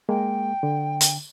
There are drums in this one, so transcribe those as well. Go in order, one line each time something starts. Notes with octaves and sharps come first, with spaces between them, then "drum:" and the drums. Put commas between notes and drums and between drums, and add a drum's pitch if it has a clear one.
G#3 A#3 G5
D3
drum: hi-hat